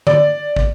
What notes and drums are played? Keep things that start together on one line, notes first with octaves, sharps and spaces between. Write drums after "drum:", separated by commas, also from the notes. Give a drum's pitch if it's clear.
D5, drum: tom D3
drum: kick